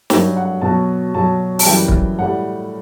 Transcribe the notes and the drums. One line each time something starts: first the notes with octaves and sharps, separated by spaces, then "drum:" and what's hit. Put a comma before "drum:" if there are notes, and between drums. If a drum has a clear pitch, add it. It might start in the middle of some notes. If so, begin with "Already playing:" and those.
G2 F#3 G5, drum: snare
F#5
B2 F#3 A5
B2 F#3 A5
A5, drum: open hi-hat
F#2 E3 G3 G5
drum: kick
A2 G3 F#5